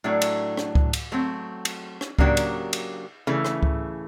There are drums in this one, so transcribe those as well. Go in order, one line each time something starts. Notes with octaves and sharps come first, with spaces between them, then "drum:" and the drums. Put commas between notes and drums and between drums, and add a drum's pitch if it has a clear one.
A2 F#3 A3 D4
drum: cymbal
drum: rim click
drum: kick C#2
drum: cymbal
F#3 A3 C4
drum: cymbal
drum: rim click
C#3 F#3 A#3 D4 G4, drum: kick C#2
drum: cymbal
drum: cymbal
C#3 E3 A3
drum: rim click
drum: kick C#2